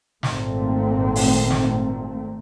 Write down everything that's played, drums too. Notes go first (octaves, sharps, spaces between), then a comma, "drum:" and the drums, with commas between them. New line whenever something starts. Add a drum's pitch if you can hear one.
G#1 A#2 A3 A#3 C4, drum: snare
drum: open hi-hat
drum: snare